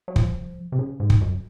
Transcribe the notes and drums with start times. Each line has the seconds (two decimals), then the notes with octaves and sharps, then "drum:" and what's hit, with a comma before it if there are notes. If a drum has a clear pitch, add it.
0.08 F#3
0.16 F3, drum: kick
0.72 C3
0.79 C#3
1.00 G#2
1.10 drum: kick
1.21 F#2